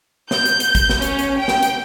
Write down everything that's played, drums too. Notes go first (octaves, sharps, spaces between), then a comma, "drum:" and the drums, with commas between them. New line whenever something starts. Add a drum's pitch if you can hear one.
G6, drum: snare
drum: hi-hat
drum: hi-hat
drum: kick, hi-hat
drum: snare
C#4, drum: hi-hat
drum: hi-hat
G5
drum: snare
drum: hi-hat